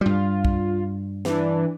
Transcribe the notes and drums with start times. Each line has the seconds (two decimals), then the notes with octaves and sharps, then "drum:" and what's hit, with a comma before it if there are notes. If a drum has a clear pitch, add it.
0.01 G2 G3 F4
0.45 drum: kick
1.25 E3 D4, drum: snare